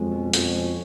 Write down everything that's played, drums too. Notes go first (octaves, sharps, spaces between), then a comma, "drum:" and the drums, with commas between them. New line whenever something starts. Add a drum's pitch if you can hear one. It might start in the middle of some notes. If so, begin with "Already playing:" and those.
Already playing: F2 G#3 C#4 F#4
B2
F2 F#4, drum: hi-hat
C#4